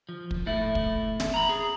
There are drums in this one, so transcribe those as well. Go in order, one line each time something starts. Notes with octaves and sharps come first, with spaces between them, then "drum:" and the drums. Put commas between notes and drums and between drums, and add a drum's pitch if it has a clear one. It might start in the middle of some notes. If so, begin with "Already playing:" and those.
F3
drum: kick
A2 A3 E4
drum: kick
drum: snare
A#5 B5
G#4